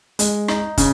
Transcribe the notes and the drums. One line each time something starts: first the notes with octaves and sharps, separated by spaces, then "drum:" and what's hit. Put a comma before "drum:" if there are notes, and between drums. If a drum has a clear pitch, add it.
G#3, drum: hi-hat
D#4, drum: rim click
C#3, drum: kick, hi-hat